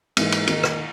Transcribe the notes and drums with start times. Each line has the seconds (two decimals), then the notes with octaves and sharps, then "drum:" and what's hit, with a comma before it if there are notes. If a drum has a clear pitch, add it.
0.17 G#2 E3 A#3 D#4, drum: cymbal
0.32 drum: cymbal
0.47 D#3 A#3 D#4, drum: cymbal
0.63 drum: rim click